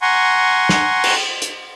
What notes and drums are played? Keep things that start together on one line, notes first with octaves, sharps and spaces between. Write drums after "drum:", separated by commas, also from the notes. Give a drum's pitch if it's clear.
F#5 G#5 A#5 C6 C#6
drum: snare
drum: cymbal
drum: hi-hat